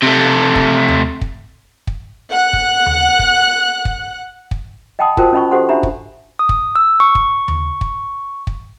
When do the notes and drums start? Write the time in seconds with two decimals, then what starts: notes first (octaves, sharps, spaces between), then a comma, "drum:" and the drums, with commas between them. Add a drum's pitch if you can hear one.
0.03 C3 A3
0.55 drum: kick
0.88 drum: tom D#2
1.21 drum: kick
1.87 drum: kick
2.30 F#5 F#6
2.53 drum: kick
2.86 drum: tom D#2
3.19 drum: kick
3.85 drum: kick
4.51 drum: kick
4.99 D#5 F#5 G5 A5 B5 D#6
5.17 F4 F#4 A#4 C5 G5 A5, drum: kick
5.33 C#4 D#5 B5 C#6
5.51 F#4 G4 A4 C5 F#5 C6
5.69 D4 G4 E5 A#5 B5
5.83 drum: kick
6.39 D#6
6.49 drum: kick
6.76 E6
7.00 C#6
7.15 drum: kick
7.48 drum: tom D#2
7.81 drum: kick
8.47 drum: kick